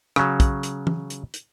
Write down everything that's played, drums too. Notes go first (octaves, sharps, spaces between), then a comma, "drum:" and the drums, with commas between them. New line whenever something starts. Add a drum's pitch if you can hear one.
C#3 F#3, drum: rim click
drum: kick, hi-hat
drum: hi-hat
drum: tom
drum: hi-hat
drum: hi-hat